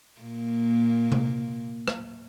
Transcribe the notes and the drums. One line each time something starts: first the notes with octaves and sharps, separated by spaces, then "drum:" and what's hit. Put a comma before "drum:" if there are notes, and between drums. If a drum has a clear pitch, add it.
A#2 A#3
drum: tom C3
drum: rim click